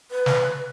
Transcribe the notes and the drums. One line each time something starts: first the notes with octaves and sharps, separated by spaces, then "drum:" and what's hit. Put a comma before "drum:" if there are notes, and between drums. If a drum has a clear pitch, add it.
B4
drum: snare